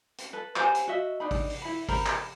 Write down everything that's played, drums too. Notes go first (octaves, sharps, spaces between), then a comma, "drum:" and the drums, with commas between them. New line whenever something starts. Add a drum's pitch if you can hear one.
drum: hi-hat
A4 B4
G4 C5 F#5 G#5, drum: clap
drum: hi-hat
F#4 D#5 E5
D4 D#4 B5
drum: kick G#1, open hi-hat
drum: open hi-hat
E4 B5
A#4 C5 A#5 B5, drum: kick G#1, open hi-hat
drum: clap